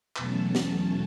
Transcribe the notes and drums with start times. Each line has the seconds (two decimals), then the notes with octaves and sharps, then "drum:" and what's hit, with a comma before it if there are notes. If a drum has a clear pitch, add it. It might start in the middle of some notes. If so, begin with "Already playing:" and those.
0.16 E2 B2 F#3 A3 C#4 A5, drum: clap
0.55 drum: snare